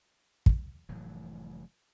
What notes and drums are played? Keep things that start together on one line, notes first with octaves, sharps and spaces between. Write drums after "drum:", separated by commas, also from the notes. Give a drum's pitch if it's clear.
drum: kick
F1 A2 E3 F#3